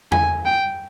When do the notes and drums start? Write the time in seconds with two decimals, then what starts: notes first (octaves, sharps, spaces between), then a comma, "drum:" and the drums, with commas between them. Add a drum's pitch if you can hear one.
0.12 G#5, drum: tom E2
0.45 G5